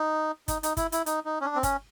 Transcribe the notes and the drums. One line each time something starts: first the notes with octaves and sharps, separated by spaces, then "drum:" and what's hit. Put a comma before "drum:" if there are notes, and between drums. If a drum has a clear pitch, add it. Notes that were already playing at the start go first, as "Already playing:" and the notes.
Already playing: D#4
D#4, drum: kick, hi-hat
D#4, drum: hi-hat
E4, drum: kick, hi-hat
E4, drum: hi-hat
D#4, drum: hi-hat
D#4
C#4
D4
C4
C#4, drum: kick, hi-hat